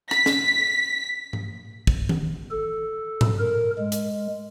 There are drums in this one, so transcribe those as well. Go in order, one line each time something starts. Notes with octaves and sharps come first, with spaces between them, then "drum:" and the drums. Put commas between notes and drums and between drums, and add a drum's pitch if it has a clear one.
B6, drum: rim click
drum: snare
drum: tom G#2
drum: kick
drum: tom D#3
A4
drum: tom G#2
A#4
G#3
drum: hi-hat